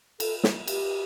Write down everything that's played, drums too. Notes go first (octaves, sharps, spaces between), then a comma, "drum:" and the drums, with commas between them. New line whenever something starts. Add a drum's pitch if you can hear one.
A4, drum: cymbal
drum: snare
G4, drum: cymbal